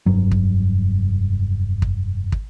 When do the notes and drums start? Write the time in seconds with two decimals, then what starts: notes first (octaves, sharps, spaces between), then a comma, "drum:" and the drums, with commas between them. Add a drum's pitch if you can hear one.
0.06 F1 G2 F#3
0.31 drum: kick
1.82 drum: kick
2.32 drum: kick